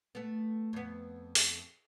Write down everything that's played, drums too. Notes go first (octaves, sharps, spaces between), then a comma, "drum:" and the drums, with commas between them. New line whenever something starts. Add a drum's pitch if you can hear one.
A3 B3
F2 B3
drum: open hi-hat